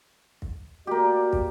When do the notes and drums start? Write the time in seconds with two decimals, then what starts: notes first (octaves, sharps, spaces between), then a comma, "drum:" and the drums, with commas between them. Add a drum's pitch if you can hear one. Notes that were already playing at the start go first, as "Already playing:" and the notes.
0.42 drum: kick
0.87 A#3 F#4 G4 D5
1.33 drum: kick